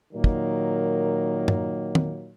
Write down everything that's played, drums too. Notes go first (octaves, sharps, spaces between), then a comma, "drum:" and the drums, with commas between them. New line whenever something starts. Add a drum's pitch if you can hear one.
A#2 D#3 F#3 A#3
drum: kick
drum: tom
drum: tom